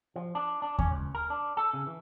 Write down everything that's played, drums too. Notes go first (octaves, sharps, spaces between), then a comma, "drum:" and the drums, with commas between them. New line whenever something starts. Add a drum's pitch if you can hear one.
F3
D4
D4
C#4, drum: kick D#2
C#2
A#4
D4
A4
C#3
E3